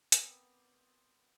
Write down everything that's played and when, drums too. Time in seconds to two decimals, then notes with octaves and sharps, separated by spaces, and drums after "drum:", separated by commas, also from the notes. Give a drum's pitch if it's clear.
0.12 B3 C4 A#4 D5, drum: hi-hat